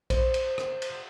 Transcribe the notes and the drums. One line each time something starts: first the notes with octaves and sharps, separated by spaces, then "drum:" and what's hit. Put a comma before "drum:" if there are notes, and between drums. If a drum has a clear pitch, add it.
C5, drum: kick A#1, cymbal
drum: cymbal
drum: rim click
drum: cymbal